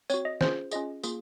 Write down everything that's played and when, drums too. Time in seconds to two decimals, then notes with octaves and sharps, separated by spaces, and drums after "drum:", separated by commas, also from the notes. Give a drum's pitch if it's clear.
0.10 C4 F#4 C#5, drum: tambourine
0.25 D#5
0.41 C#4 F4 G#4 C5, drum: snare
0.71 C#4 F4 G#4 D#5, drum: tambourine
1.03 A#3 F4 G#4, drum: tambourine